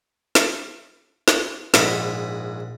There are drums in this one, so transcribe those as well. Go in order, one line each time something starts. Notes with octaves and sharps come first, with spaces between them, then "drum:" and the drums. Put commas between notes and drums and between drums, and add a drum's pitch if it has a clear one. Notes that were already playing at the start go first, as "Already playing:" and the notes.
drum: snare
drum: snare
A#1 G#2 D#5 F#5 B5, drum: snare